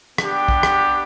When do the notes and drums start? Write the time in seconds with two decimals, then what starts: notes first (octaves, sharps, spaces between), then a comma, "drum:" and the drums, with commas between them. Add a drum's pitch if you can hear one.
0.18 B3 D4 G4, drum: rim click
0.48 drum: kick
0.63 drum: rim click